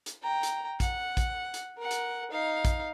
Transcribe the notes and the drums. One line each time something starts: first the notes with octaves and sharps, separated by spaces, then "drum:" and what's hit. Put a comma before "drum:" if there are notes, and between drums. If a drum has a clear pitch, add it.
drum: hi-hat
G5 A#5
drum: hi-hat
F#5, drum: kick A#1, hi-hat
drum: kick A#1, hi-hat
drum: hi-hat
A#4 F#5
drum: hi-hat
D#4 F5
drum: kick A#1, hi-hat